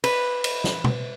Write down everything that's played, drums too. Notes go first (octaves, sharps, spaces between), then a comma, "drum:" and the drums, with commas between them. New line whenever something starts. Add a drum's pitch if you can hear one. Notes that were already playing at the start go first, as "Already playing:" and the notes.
B4, drum: cymbal
drum: cymbal
drum: snare
drum: tom B2